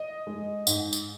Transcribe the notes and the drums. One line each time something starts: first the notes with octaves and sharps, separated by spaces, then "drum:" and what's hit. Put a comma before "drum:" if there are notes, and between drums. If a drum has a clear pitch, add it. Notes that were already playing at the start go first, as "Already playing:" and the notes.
Already playing: D#5
G#3
G#2, drum: tambourine
drum: tambourine